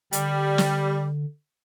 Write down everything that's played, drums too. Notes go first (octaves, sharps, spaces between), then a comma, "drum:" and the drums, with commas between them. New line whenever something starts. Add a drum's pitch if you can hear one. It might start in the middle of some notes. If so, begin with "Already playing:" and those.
D3 G3, drum: hi-hat
drum: snare